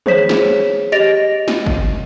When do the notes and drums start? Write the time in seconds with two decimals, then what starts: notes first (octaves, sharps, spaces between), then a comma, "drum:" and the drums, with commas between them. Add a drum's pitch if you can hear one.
0.06 G#4 C5 C#5 B6 E7, drum: tom
0.29 drum: snare
0.92 G4 D#5 A6 A#6 D7 F7
1.48 drum: snare
1.66 drum: kick